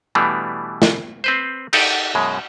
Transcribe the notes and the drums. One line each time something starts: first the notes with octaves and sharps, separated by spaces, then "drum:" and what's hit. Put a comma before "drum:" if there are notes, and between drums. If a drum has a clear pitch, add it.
B2 E3 G3 A3 B3 D4
drum: snare
C4 B4 C5
D#4 G4 A4 A#4 D5 D#5, drum: cymbal
F#2 B2 G#3